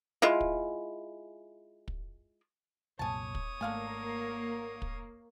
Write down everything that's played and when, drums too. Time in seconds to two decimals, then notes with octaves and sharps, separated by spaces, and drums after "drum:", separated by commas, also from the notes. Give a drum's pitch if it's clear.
0.22 G#3 E4 F4
0.41 drum: kick
1.88 drum: kick
2.99 C2 F#2 A#2 C#5 G#5 A5 D#6
3.35 drum: kick
3.61 G#1 D3 A3 A#3 F5 G#5
4.82 drum: kick